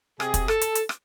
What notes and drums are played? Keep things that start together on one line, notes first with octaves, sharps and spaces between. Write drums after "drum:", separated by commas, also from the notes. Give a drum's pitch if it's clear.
C3 G4 G#4, drum: rim click
drum: kick, hi-hat
A4, drum: rim click
drum: hi-hat
drum: hi-hat
drum: rim click